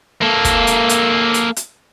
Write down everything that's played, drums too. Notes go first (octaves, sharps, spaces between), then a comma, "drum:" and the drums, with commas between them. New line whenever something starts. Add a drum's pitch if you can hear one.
A#3 A4
drum: kick, hi-hat
drum: hi-hat
drum: hi-hat
drum: hi-hat
drum: hi-hat